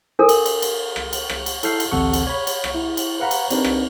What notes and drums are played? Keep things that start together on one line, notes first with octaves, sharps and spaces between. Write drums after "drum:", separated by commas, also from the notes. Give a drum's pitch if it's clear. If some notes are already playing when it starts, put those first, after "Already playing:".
D4 A4 A#4
drum: cymbal
drum: cymbal
drum: cymbal
drum: rim click
drum: cymbal
drum: rim click
drum: cymbal
E4 A4 F6 G6 C7, drum: cymbal
drum: cymbal
A1 D2 C3 A4 F#5 C#6
drum: cymbal
C#5 B5
drum: cymbal
drum: rim click
E4
drum: cymbal
B4 F5 F#5 A#5 B5
drum: cymbal
C4 D4 D#4 G4 A#4 B4, drum: cymbal
drum: rim click